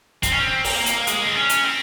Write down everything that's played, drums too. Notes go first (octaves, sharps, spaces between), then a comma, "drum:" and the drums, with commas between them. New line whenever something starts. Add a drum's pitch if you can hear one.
C4, drum: kick, hi-hat
C#4
C4
A#3, drum: open hi-hat
drum: hi-hat
G#3, drum: hi-hat
C4
C#4
drum: hi-hat
C4